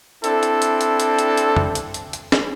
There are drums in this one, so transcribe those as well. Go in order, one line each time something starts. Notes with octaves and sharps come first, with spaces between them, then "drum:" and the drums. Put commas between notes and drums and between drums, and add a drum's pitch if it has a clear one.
C4 D4 E4 A4, drum: hi-hat
drum: hi-hat
drum: hi-hat
drum: hi-hat
drum: hi-hat
drum: hi-hat
drum: hi-hat
drum: tom
drum: hi-hat
drum: hi-hat
drum: hi-hat
drum: snare